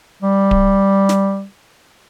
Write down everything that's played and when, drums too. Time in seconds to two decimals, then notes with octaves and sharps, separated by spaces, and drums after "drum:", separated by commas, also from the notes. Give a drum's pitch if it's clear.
0.22 G3
0.51 drum: kick D1
1.09 drum: snare